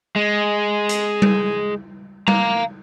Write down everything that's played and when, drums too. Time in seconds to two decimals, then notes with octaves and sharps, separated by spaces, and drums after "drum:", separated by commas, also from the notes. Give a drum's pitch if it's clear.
0.16 G#3
0.89 drum: hi-hat
1.22 drum: tom G3
2.28 F5 A#5, drum: tom G3